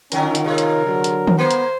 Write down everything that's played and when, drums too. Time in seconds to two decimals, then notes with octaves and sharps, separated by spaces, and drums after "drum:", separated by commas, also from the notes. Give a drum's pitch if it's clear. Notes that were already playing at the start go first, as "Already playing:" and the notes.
0.12 D3 D#3 F#3 C#4 F4 A#4, drum: hi-hat
0.35 drum: hi-hat
0.44 C3 G#3 A#4 C#5
0.58 drum: hi-hat
0.84 D3 F#3
1.04 drum: hi-hat
1.27 drum: tom D#3
1.38 A#3 B3 C5
1.51 drum: hi-hat